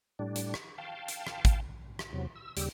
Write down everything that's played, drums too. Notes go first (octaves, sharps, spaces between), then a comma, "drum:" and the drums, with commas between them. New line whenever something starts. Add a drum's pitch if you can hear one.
A2 G3 D4
drum: hi-hat
drum: rim click
F5 G5 A5
drum: hi-hat
drum: rim click
drum: kick, hi-hat
drum: rim click
E2 C3 F#3
E6
D#2 C#3 G3 G4 E6, drum: hi-hat